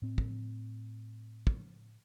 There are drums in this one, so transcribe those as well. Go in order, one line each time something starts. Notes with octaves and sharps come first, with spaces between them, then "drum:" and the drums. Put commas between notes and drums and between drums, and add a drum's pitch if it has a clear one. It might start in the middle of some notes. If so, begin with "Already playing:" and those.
A2 C4
drum: kick
drum: kick